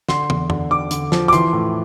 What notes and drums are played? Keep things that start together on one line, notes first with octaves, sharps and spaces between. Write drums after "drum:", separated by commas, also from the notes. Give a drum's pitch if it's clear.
D3 C6, drum: snare
E2, drum: tom
D3, drum: tom
D3 D6
D3, drum: hi-hat
F3, drum: snare
D6
E3 C6, drum: hi-hat
A2